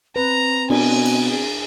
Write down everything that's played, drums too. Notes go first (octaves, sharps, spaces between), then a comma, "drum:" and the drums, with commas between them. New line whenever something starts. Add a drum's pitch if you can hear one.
C4 B4 A#5
B2 D4 G#5, drum: cymbal
drum: cymbal
G#4